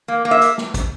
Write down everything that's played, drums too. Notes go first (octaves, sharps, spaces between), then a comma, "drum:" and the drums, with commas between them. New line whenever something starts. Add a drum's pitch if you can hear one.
A#3
A#3
E5
drum: hi-hat
drum: snare
drum: kick, hi-hat